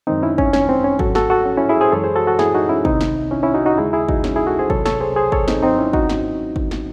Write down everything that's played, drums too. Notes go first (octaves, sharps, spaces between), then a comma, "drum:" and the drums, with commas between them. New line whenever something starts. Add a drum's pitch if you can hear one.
F#2 D#3 G#3 C4 D#4
C#4 E4
C#4, drum: kick
C#4, drum: snare
C4
C#4
G#2 F#3 F#4 A4, drum: kick
F#4 A4, drum: snare
F#4 A4
C#4
C#4 E4
E4 G#4
G#4 C5
F#2 E3 G#3 A4 C#5
G#4 C5
F#4 A4
F#4 A4
E4 G#4, drum: snare
D#4 F#4
C#4 E4
C2 C3 D#3 C4 D#4, drum: kick
drum: snare
C#4 E4
C#4 E4
D#4 F#4
D#4 F#4
D#2 C#3 G#3 E4 G#4
E4 G#4
D#4 F#4, drum: kick
C#4, drum: snare
E4 G#4
F#4 A4
G#4 C5
C2 C3 F#3 A4 C#5, drum: kick
A4 C#5, drum: snare
G#4 C5
G#4 C5
A4 C#5, drum: kick
C4 D#4, drum: snare
G#2 F#3 C4 D#4
C#4 E4
D#4 F#4, drum: kick
drum: snare
drum: kick
drum: snare